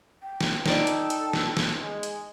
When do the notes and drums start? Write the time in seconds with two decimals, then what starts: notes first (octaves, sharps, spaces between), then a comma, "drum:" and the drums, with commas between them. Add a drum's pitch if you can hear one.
0.22 G5
0.41 drum: snare
0.66 D#4 A4 D5, drum: snare
0.87 drum: hi-hat
1.10 drum: hi-hat
1.33 drum: snare
1.57 drum: snare
1.80 G#3
2.03 drum: hi-hat